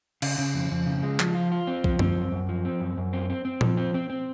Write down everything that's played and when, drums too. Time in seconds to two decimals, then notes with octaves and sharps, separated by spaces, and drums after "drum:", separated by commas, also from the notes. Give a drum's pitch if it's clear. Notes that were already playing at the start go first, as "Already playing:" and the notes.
0.22 C#3, drum: cymbal
0.38 C#3
0.54 F2
0.71 F2
0.87 C#3
1.03 G#3
1.19 F3, drum: clap
1.35 F4
1.52 F4
1.67 C4
1.84 F3, drum: kick
1.99 C4, drum: tom F#2
2.16 F#2
2.32 F#2
2.49 F3
2.65 C4
2.80 F#2
2.97 F#2
3.13 C4
3.30 C4
3.45 C4
3.61 F3, drum: tom A#2
3.77 C4
3.94 C4
4.10 C4